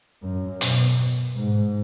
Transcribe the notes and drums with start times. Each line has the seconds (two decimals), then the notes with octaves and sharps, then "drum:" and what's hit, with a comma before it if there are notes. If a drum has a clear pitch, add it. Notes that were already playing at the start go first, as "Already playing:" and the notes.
0.23 F#2
0.61 B2, drum: hi-hat
1.36 G#2